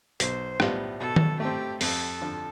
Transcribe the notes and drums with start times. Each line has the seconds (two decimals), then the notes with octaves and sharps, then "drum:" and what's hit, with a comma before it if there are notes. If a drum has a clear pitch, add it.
0.20 B1 C5, drum: hi-hat
0.60 A2 G3 B3 F4, drum: rim click
1.00 B2 A4
1.16 drum: tom D#3
1.40 A3 C4 G4
1.81 F2 A4, drum: open hi-hat
2.21 D3 F3